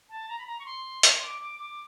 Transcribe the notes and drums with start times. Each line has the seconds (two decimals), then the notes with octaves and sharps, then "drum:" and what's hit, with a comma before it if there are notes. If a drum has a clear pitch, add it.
0.09 A5
0.29 A#5
0.38 B5
0.47 A#5
0.59 C#6
0.66 C6
1.03 drum: hi-hat
1.22 D6
1.41 D6
1.60 D6